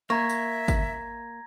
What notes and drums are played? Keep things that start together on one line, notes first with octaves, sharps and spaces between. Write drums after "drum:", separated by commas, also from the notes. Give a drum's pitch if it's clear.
A#3 E5 A#5 C#6 G#6 A#6
drum: tambourine
drum: kick G#1, tambourine